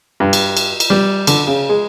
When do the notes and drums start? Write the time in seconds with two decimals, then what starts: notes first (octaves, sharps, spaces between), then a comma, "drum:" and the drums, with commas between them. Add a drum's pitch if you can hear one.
0.20 G2
0.33 drum: cymbal
0.57 drum: cymbal
0.80 drum: cymbal
0.90 G3
1.27 D3, drum: cymbal
1.47 C#3
1.69 G#3